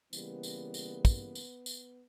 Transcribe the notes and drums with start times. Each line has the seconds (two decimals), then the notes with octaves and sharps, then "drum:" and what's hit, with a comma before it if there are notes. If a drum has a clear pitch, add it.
0.13 C#3 E3 G3 A#3 B3, drum: tambourine
0.43 drum: tambourine
0.74 drum: tambourine
1.05 drum: kick, tambourine
1.35 drum: tambourine
1.66 drum: tambourine